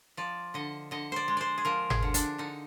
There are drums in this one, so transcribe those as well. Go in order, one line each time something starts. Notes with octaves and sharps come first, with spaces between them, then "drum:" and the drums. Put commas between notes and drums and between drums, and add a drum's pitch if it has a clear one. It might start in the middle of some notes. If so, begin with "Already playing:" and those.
F3 D5
D3 D#5
D3 D#5
C5 D5
G#3
C5 D5
G#4
F3 A#4
G#4, drum: tom G1
D3
D4, drum: hi-hat
D3 D#4